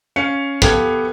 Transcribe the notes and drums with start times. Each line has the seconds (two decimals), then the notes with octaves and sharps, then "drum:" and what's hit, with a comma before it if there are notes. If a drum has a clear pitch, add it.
0.16 C#4 F5 C#7
0.62 B3 G4 A4 F5 G#6, drum: kick